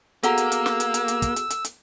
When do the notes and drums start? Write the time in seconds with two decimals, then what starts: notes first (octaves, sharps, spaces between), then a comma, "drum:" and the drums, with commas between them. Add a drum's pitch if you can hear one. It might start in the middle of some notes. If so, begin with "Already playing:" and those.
0.23 A#3 B3 F#4 G#4 A4 F#5 A#5 E6, drum: hi-hat
0.38 drum: hi-hat
0.52 drum: hi-hat
0.66 drum: snare
0.80 drum: hi-hat
0.94 drum: hi-hat
1.08 drum: hi-hat
1.22 drum: kick, hi-hat
1.36 drum: hi-hat
1.50 drum: hi-hat
1.65 drum: hi-hat